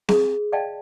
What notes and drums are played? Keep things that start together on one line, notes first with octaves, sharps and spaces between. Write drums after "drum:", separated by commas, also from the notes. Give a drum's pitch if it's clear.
G#4, drum: snare C4
D5 D#5 F5 G5 A5